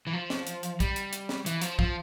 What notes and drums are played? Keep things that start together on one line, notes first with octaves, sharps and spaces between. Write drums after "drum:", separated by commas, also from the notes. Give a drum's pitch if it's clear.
E3
F3
drum: snare
drum: hi-hat
drum: hi-hat
G3, drum: kick, hi-hat
drum: hi-hat
drum: hi-hat
drum: snare
E3, drum: hi-hat
F3, drum: hi-hat
F3, drum: kick